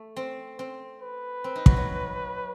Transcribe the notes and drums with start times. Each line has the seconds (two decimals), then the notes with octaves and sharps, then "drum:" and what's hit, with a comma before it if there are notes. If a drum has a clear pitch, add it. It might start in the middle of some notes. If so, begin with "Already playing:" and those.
Already playing: A3
0.16 C4
0.59 C4
1.02 B4
1.44 C4
1.56 D#4
1.66 F#3, drum: kick
1.77 F#3